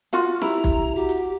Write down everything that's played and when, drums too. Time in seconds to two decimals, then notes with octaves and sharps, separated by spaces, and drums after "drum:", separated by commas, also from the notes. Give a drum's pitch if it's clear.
0.13 F4 F#4 F5
0.42 E4 G4 A#5, drum: snare
0.64 drum: kick, hi-hat
0.95 F#4 G4
1.09 drum: hi-hat